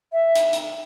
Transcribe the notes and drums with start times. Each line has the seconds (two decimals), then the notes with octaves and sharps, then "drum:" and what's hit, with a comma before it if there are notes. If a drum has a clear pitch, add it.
0.12 E5
0.35 drum: hi-hat
0.53 drum: hi-hat